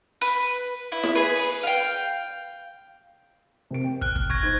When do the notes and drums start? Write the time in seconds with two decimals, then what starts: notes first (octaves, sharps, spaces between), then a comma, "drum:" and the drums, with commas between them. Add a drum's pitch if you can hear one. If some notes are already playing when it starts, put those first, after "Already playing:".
0.21 B4, drum: hi-hat
0.92 E4
1.03 drum: snare E4
1.15 G#4 B4
1.35 drum: open hi-hat
1.63 F5 G5
3.71 C3 A#4 D7
3.84 G5
4.01 F6 F#6, drum: kick
4.15 drum: kick
4.30 C#6 G#6 A#6, drum: kick
4.43 D#4 C5